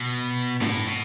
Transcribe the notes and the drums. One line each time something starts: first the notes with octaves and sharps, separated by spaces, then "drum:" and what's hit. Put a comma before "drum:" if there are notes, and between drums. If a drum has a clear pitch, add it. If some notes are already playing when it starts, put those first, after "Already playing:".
Already playing: B2
A2, drum: tom
B2